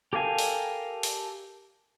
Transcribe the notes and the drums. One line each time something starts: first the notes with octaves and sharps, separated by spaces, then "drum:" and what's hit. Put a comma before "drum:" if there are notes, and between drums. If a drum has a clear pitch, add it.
G4 A4 A#4 F5 G#5
drum: open hi-hat
drum: open hi-hat